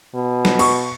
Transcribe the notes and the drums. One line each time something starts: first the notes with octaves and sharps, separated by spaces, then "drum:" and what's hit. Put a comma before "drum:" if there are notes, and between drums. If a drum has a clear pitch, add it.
B2
drum: snare
C#6, drum: cymbal